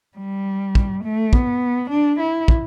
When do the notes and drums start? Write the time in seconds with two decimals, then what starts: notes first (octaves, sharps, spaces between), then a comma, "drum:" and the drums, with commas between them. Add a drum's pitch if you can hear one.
0.18 G3
0.75 drum: kick
1.04 A3
1.33 B3, drum: kick
1.90 D4
2.20 E4
2.48 drum: kick